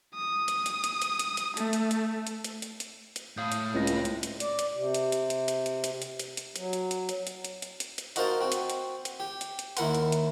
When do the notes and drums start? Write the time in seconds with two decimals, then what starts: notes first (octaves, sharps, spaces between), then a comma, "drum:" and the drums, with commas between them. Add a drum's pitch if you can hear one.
0.15 D#6
0.48 drum: hi-hat
0.66 drum: hi-hat
0.84 drum: hi-hat
1.02 drum: hi-hat
1.19 drum: hi-hat
1.37 drum: hi-hat
1.57 A3, drum: hi-hat
1.73 drum: hi-hat
1.91 drum: hi-hat
2.27 drum: hi-hat
2.44 drum: hi-hat
2.62 drum: hi-hat
2.80 drum: hi-hat
3.16 drum: hi-hat
3.37 A2 F5 D#6 G6
3.52 drum: hi-hat
3.74 C#2 C4 E4 A#6
3.87 drum: hi-hat
4.05 drum: hi-hat
4.23 drum: hi-hat
4.40 D5, drum: hi-hat
4.59 drum: hi-hat
4.74 C3
4.94 drum: hi-hat
5.12 drum: hi-hat
5.30 drum: hi-hat
5.48 drum: hi-hat
5.66 drum: hi-hat
5.84 drum: hi-hat
6.02 drum: hi-hat
6.19 drum: hi-hat
6.37 drum: hi-hat
6.56 F#3, drum: hi-hat
6.73 drum: hi-hat
6.91 drum: hi-hat
7.09 drum: hi-hat
7.27 drum: hi-hat
7.45 drum: hi-hat
7.62 drum: hi-hat
7.80 drum: hi-hat
7.98 drum: hi-hat
8.16 D#4 F#4 A#4 C5 F5 A5, drum: hi-hat
8.41 C4 F#4
8.52 drum: hi-hat
8.70 drum: hi-hat
9.05 drum: hi-hat
9.20 G4
9.41 drum: hi-hat
9.59 drum: hi-hat
9.77 D#2 E4 A#4 F#5 C6, drum: hi-hat
9.95 drum: hi-hat
10.12 drum: hi-hat